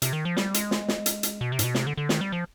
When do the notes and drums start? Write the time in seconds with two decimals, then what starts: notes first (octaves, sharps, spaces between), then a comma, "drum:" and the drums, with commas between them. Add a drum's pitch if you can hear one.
0.02 C3, drum: hi-hat
0.13 D#3
0.25 F3
0.37 G3, drum: snare
0.54 G#3, drum: hi-hat
0.71 drum: snare
0.88 drum: snare
1.06 drum: hi-hat
1.23 drum: hi-hat
1.41 B2
1.52 C3
1.59 G#2, drum: hi-hat
1.64 B2
1.75 C3, drum: snare
1.87 D3
1.97 D3
2.09 D#3, drum: snare
2.21 G3
2.32 F3